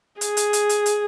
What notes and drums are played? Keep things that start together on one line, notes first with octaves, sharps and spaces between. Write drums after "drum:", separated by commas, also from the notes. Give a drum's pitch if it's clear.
G#4, drum: hi-hat
drum: hi-hat
drum: hi-hat
drum: hi-hat
drum: hi-hat